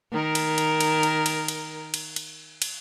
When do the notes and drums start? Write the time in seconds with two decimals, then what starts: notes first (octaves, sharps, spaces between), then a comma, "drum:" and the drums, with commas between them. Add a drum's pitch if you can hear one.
0.13 D#3 A#4
0.35 drum: cymbal
0.58 drum: cymbal
0.80 drum: cymbal
1.03 drum: cymbal
1.26 drum: cymbal
1.48 drum: cymbal
1.94 drum: cymbal
2.16 drum: cymbal
2.62 drum: cymbal